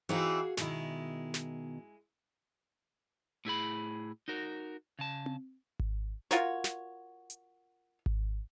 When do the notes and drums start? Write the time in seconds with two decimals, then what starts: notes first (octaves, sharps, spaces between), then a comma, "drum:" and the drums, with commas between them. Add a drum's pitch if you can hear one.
0.09 E3 C4 D#4 F#4 G#4 F5
0.57 B2 D#3 G#3 E4, drum: snare
1.34 drum: snare
3.45 A2 E4 G#4 B5
4.28 D#4 F#4 A#4
4.99 C#3 A5
5.26 drum: tom C4
5.79 drum: kick G#1
6.31 F4 F#4 A#4 C#5, drum: snare
6.64 drum: snare
7.30 drum: hi-hat
8.06 drum: kick G#1